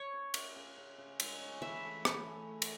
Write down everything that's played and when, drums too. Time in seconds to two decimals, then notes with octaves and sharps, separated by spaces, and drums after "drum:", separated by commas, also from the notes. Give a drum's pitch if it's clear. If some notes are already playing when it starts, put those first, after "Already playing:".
Already playing: C#5
0.13 C#3
0.34 C#3, drum: cymbal
0.56 C#3
0.77 C#3
0.98 C#3
1.20 G#3, drum: cymbal
1.41 C#4
1.62 E3 E5
1.84 A3
2.05 E4, drum: rim click
2.26 A3
2.48 A3
2.62 drum: cymbal